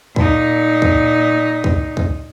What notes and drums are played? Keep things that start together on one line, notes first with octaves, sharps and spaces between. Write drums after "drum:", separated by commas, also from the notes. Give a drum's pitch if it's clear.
A#2 D#4, drum: kick
drum: kick
drum: kick
drum: kick